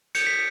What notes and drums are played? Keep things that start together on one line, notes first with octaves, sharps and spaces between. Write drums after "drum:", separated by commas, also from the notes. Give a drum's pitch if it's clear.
G6 C#7, drum: cymbal
B6